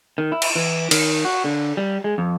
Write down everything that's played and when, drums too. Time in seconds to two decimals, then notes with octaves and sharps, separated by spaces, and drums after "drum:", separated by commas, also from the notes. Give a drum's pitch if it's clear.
0.18 D#3
0.32 E4
0.42 drum: cymbal
0.56 E3
0.91 D#3, drum: cymbal
1.25 F#4
1.44 D3
1.77 G3
2.04 G#3
2.18 F2